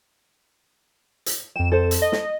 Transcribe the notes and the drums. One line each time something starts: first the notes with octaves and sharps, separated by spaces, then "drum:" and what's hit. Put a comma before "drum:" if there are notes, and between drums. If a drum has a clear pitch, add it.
drum: hi-hat
F2 G5 E7
A4 C5
drum: hi-hat
D#5
drum: snare